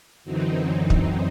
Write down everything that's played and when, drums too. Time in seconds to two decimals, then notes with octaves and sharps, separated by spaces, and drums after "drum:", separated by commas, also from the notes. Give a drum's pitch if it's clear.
0.24 F#2 D3 E3 F#3 C4 D#4
0.90 drum: kick